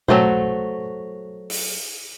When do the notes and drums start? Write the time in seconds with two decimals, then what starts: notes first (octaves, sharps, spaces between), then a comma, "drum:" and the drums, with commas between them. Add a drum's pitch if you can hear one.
0.08 F#3 A3 F#4 C5, drum: tom B2
1.50 drum: open hi-hat